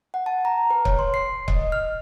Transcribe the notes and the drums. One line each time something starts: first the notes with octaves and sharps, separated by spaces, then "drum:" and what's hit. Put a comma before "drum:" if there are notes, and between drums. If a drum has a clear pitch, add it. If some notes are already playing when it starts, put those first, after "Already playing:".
F#5
A5
A#5
B4
C#5, drum: kick C#1
C6
C7
D#5, drum: kick C#1
F6